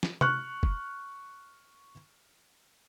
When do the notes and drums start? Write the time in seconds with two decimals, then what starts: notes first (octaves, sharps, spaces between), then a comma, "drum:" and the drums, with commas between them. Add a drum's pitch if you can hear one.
0.03 drum: snare
0.21 C#6 F6 F#6, drum: tom C3
0.63 drum: kick F1